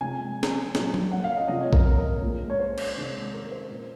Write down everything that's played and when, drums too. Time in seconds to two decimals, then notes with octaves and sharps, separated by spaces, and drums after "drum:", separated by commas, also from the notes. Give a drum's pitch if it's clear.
0.01 C3 F3 G#3 G#5
0.43 drum: snare
0.75 A#2 F#3, drum: snare
0.94 drum: tom F#3
1.11 F#5
1.24 F5
1.36 D#5
1.48 C3 F3 G#3 D#5
1.61 C#5
1.73 A#4, drum: kick A#1
1.85 A#4
2.22 A#2 G#3
2.50 C#5
2.59 C5
2.78 drum: cymbal
2.97 C3 D#3 G#3
3.33 A#4
3.51 C5
3.70 A#2 G#3